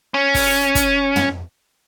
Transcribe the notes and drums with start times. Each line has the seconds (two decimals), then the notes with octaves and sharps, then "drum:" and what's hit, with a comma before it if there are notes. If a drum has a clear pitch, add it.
0.14 C#4
0.34 drum: kick, open hi-hat
0.75 drum: kick, hi-hat
1.16 drum: tom